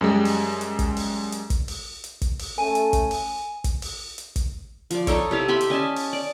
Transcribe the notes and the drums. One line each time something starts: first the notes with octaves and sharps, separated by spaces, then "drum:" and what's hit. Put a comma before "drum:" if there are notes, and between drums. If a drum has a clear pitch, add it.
F#2 G3 G#3
drum: open hi-hat
drum: hi-hat
drum: kick, hi-hat
drum: open hi-hat
drum: hi-hat
drum: kick, hi-hat
drum: open hi-hat
drum: hi-hat
drum: kick, hi-hat
drum: open hi-hat
A3 C#4 A4 G#5 D#7
drum: hi-hat
drum: kick, hi-hat
drum: open hi-hat
drum: kick, hi-hat
drum: open hi-hat
drum: hi-hat
drum: kick, hi-hat
F3 D5, drum: hi-hat
D#4 A4 C#5, drum: kick, hi-hat
C3 E4 F5
G4 E5 B5 C6
drum: hi-hat
C#4 D#5 G#5 A5
drum: open hi-hat
D5